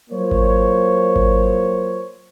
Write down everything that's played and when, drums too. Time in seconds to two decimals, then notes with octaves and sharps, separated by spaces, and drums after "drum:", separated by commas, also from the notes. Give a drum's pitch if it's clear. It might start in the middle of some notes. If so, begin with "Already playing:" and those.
0.10 F#3 A#3 F4 C5 C#5
0.31 drum: kick G#1
1.16 drum: kick G#1